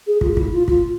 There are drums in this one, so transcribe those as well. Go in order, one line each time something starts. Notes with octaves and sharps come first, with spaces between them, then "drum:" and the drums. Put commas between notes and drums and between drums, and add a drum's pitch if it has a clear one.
G#4
F4, drum: kick
F4
E4, drum: kick
F4
F4, drum: kick